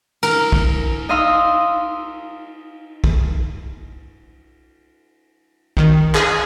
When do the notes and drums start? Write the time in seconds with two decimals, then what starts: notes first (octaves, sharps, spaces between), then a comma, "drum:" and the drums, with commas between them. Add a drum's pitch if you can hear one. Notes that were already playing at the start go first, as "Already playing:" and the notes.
0.23 A#4, drum: cymbal
0.52 drum: kick
1.09 D#4 D#5 F5 C6 D#6 E6
3.04 drum: kick
5.77 D#3, drum: kick
6.15 G#4, drum: clap